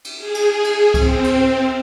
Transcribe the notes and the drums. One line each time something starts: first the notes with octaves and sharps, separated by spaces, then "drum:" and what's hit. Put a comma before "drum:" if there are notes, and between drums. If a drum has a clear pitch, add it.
drum: cymbal
G#4
drum: cymbal
drum: cymbal
C4, drum: kick C2, cymbal
drum: cymbal